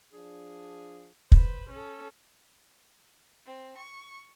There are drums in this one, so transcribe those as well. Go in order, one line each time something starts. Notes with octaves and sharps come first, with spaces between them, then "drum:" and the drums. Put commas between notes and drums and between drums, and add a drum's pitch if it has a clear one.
F3 D4 G#4
B4 C5, drum: kick
C#4 A4
C4
C#6